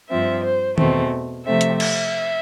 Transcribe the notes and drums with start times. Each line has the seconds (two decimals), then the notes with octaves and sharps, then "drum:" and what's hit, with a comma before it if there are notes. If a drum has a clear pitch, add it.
0.09 G2 F3 C4 E5
0.44 C5
0.78 E2 B2 A3 C4, drum: tom D#3
1.45 C3 F3 A3 C4 E5
1.61 drum: hi-hat
1.80 E5, drum: cymbal